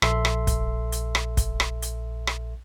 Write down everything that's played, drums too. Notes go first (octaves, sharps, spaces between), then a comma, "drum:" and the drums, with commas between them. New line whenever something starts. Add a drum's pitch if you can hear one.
A#1 A4 E5 C6, drum: rim click
drum: rim click
drum: kick, hi-hat
drum: hi-hat
drum: rim click
drum: kick, hi-hat
drum: rim click
drum: hi-hat
drum: rim click